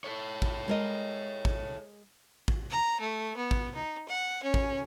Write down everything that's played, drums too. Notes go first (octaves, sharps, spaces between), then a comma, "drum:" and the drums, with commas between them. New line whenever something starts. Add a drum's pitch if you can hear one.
A4 C#5
drum: kick
G#3 A#4 D#5
drum: kick
drum: kick
A#5
A3
B3
drum: kick
D#4
F#5
C#4
drum: kick